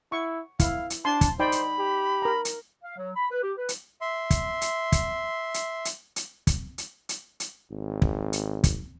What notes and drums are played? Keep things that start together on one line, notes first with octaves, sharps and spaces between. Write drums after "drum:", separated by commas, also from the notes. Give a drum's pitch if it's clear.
E4 C#6
E4 F5, drum: kick, hi-hat
drum: hi-hat
D4 A5 C6
drum: kick, hi-hat
D#4 C5 D5 G5 B5
drum: hi-hat
G4
A#4 A#5
drum: hi-hat
F5
F#3
B5
B4
G4
B4
drum: hi-hat
E5 C6
drum: kick, hi-hat
drum: hi-hat
drum: kick, hi-hat
drum: hi-hat
drum: hi-hat
drum: hi-hat
drum: kick, hi-hat
drum: hi-hat
drum: hi-hat
drum: hi-hat
G#1
drum: kick
drum: hi-hat
drum: kick, hi-hat